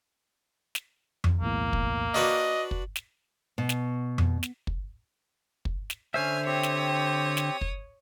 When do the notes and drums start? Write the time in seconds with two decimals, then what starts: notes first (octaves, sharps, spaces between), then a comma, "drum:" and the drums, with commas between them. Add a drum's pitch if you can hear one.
0.75 drum: snare
1.24 drum: tom F2
1.41 B1 E2 A2 A#3
1.73 drum: kick
2.14 D4 F#4 B4 D#5 D6
2.71 drum: kick
2.96 drum: snare
3.58 B2
3.69 drum: snare
4.18 drum: tom F2
4.43 drum: snare
4.67 drum: kick
5.65 drum: kick
5.90 drum: snare
6.14 D3 C#4 C5 E5 G#5 F6
6.46 C4 G4 C#5 D#6
6.63 drum: snare
7.37 drum: snare
7.61 drum: kick